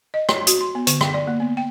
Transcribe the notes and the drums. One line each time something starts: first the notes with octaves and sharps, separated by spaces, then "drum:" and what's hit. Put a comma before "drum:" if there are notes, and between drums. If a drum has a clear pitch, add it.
D#5
C#5, drum: rim click
F#4, drum: hi-hat
C6
B3
D3, drum: hi-hat
G5, drum: rim click
D5
A#3
B3
G5